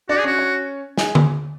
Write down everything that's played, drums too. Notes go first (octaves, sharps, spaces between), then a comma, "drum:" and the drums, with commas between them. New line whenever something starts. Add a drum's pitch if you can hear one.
D4 F#4 D5
G#4
C#4 F#4 C#5
C#4 C#5
G#4 G#5, drum: snare
drum: tom D3